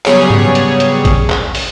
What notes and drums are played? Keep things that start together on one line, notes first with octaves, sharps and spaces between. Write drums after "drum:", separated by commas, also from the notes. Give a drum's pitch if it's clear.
C#3 F#3 G3 B3 G#4 C#5, drum: clap
drum: tom G#2
drum: hi-hat
drum: hi-hat
drum: kick A1, hi-hat
drum: clap
drum: open hi-hat